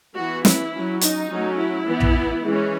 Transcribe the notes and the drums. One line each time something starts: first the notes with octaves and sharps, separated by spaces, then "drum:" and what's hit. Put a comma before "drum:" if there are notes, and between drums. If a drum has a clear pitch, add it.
E3 B3 F#4
E4, drum: snare
F#3 C#4
D#4, drum: hi-hat
F#3 A3 C#4
E4
E3 B3
drum: tom A#1
E3 G#3 C#4